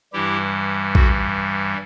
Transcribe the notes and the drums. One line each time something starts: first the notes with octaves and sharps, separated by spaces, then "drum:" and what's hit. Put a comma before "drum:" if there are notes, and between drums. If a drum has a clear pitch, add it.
G2 E3 G3 E4 G4
F#4 A4, drum: kick